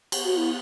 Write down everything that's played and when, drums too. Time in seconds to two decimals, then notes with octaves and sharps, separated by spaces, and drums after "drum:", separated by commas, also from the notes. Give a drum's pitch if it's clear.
0.12 B3, drum: cymbal
0.25 F#4
0.37 E4